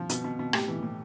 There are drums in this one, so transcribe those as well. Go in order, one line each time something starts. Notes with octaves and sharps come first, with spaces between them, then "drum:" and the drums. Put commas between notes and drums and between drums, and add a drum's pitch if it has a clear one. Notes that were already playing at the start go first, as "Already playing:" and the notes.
Already playing: F3
B2, drum: hi-hat
B2
B2
A2 G4, drum: rim click
E3
A2